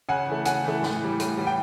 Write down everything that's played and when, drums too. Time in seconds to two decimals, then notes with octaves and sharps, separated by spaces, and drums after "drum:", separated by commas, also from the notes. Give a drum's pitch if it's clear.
0.09 C#3 F#5 G#5
0.27 E3 A3
0.45 C#3 F#5 G#5, drum: hi-hat
0.64 E3 A3
0.83 A2, drum: snare
1.01 E3 G3
1.20 A2, drum: hi-hat
1.38 E3 G3
1.47 G5